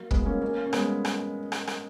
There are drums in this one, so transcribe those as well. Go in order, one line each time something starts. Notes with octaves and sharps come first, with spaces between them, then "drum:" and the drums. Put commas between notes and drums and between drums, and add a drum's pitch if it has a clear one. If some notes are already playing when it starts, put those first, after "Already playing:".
Already playing: F#3 A#3
G#3 B3, drum: kick
A#3 C#4
A#3 C#4
C#4
G#3 B3, drum: rim click
drum: rim click
drum: rim click
drum: rim click